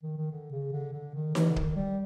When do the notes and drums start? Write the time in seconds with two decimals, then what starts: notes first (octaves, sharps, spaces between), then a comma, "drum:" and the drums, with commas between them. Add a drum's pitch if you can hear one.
0.03 D#3
0.17 D#3
0.32 D3
0.52 C#3
0.73 D3
0.93 D3
1.15 D#3
1.35 E3, drum: snare D#4
1.50 D3
1.56 D#3, drum: kick
1.76 G3